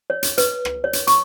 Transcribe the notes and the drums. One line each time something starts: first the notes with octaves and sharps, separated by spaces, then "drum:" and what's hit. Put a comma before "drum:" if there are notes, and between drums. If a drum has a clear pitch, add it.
C#5
drum: hi-hat
B4, drum: hi-hat
drum: rim click
C#5
drum: hi-hat
C#6, drum: hi-hat